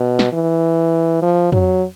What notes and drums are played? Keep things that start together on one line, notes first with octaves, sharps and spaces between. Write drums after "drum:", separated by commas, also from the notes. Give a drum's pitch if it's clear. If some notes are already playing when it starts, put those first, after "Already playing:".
Already playing: B2
drum: snare
E3
F3
F#3, drum: tom F2